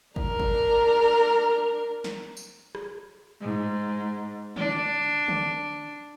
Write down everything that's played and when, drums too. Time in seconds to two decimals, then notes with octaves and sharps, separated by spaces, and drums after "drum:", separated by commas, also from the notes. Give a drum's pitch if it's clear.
0.16 D4 A#4, drum: kick G#1
0.40 drum: kick G#1
2.04 drum: snare
2.37 drum: tambourine
2.75 drum: rim click
3.41 G#2
4.56 D4, drum: tom D3
5.28 drum: tom D3